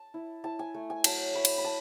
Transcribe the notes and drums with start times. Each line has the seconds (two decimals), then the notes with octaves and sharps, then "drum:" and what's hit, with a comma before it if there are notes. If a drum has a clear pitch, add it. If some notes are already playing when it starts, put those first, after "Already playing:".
Already playing: A5
0.14 E4
0.44 E4 A5
0.59 G#5
0.74 A3
0.90 G#5
1.04 F#3 A5, drum: cymbal
1.34 A3 B5
1.45 drum: cymbal
1.58 B5
1.64 A5